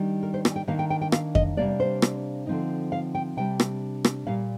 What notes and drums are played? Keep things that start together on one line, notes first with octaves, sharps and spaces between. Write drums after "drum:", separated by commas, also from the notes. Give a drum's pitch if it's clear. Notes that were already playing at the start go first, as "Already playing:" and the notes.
Already playing: D#3 G3 D4
A#4
C5
G#5, drum: rim click
G5
D#3 A#3 D4 F5
G5
G5
G5
F5, drum: rim click
D#5, drum: kick F2
C3 G3 A#3 D4 D5
C5
drum: rim click
D3 F3 C4 D#4
F5
G5
C3 G3 D4 G5
drum: rim click
drum: rim click
A#2 G3 A#3 F5